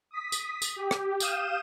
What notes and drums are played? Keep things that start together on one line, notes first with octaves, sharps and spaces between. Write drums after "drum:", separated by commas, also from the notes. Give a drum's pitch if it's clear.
D#6 B6
drum: tambourine
drum: tambourine
G4
drum: rim click
F5 D#6 G6 D#7 E7, drum: tambourine